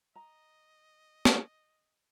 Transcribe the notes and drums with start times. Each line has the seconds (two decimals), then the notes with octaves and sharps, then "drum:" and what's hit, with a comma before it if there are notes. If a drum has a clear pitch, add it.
0.16 D#5 A#5
1.25 drum: snare